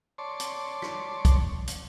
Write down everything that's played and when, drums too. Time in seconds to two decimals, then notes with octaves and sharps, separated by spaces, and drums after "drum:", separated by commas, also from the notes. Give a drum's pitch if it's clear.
0.18 C#5 D5 A5 C6
0.40 drum: hi-hat
0.82 drum: rim click
1.25 drum: kick, hi-hat
1.67 drum: hi-hat